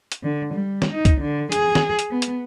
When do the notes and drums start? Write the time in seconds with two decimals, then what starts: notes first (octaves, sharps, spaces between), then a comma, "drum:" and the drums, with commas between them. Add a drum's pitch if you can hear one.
0.12 drum: hi-hat
0.23 D3
0.54 G3
0.82 drum: snare
0.91 D#4
1.05 drum: kick, hi-hat
1.21 D3
1.52 G#4, drum: hi-hat
1.75 drum: snare
1.99 drum: hi-hat
2.11 B3
2.22 drum: hi-hat